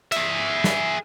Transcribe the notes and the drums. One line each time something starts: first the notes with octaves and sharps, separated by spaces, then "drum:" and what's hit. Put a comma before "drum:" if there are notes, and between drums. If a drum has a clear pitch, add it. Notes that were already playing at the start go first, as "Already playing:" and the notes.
G#4 E5, drum: cymbal
drum: snare